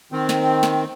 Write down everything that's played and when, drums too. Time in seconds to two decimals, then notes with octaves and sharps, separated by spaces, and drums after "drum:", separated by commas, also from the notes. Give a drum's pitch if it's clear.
0.12 D#3 C4
0.29 drum: snare
0.63 drum: snare